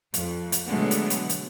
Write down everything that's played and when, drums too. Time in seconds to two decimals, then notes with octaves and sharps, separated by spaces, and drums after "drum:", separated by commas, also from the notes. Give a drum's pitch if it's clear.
0.14 F2, drum: hi-hat
0.52 drum: hi-hat
0.67 B2 D3 F#3 G#3 A3 B3
0.91 drum: hi-hat
1.10 drum: hi-hat
1.29 drum: hi-hat